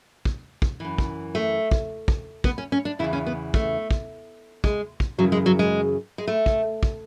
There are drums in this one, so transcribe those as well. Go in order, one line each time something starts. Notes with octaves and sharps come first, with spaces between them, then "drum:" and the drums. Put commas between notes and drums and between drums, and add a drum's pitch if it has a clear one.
drum: kick
drum: kick
F#2 E3
drum: kick
A3
drum: kick
drum: kick
B3, drum: kick
C#4
C#4
D4
E2 C#3 E3 E4
C#4
B3
A3, drum: kick
drum: kick
G#3, drum: kick
drum: kick
F#2 C#3 E3 F#3
G#3
F#3
G#3
G#3
A3
drum: kick
drum: kick